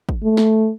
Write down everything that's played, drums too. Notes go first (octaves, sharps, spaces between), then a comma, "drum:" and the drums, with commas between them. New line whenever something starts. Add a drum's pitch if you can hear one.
drum: kick
A3
drum: snare